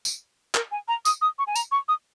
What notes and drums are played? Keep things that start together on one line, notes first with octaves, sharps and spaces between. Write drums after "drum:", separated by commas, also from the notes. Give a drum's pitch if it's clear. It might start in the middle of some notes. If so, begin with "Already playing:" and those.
drum: tambourine
A#4, drum: clap
G#5
A#5
D#6, drum: tambourine
D#6
C#6
G#5
A#5, drum: tambourine
C#6
D#6